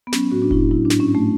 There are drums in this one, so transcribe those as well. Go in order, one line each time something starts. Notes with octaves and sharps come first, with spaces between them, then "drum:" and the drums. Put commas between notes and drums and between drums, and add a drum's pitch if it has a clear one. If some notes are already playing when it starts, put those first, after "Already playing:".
B3
F#3 C#4, drum: snare
A2 F#4
D4
A2 E4, drum: kick F1
F#3 E4
D4
G#2, drum: snare
C#4
G#2
A3